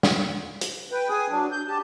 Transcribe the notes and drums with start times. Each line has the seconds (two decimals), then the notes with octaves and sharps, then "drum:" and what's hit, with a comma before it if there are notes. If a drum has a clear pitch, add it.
0.03 drum: snare
0.61 drum: hi-hat
0.91 B4 G5
1.09 G#4 G#5 D#6
1.30 F#3 D4
1.52 G6
1.68 G4 A5